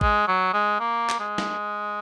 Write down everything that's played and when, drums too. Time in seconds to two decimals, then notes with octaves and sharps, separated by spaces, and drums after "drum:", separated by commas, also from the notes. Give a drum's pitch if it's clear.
0.01 G#3, drum: kick A1
0.28 F#3
0.54 G#3
0.80 A#3
1.10 drum: clap
1.20 G#3
1.38 drum: snare